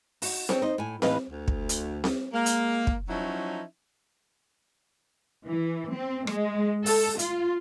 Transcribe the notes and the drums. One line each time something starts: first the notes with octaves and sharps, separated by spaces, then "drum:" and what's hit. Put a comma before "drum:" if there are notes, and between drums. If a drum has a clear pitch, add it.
D#4 F#4, drum: open hi-hat
C4 D4 C#5, drum: snare C4
D#4 C5 D#5
A2 G#5
D#2 A2 E3 B4 D#5 F5, drum: snare C4
D2
drum: kick
drum: hi-hat
drum: snare C4
G#3 A#3
drum: hi-hat
drum: kick
F3 F#3 C#4 D#4 E4
E3
C4
G#3, drum: rim click
A4, drum: open hi-hat
F4, drum: hi-hat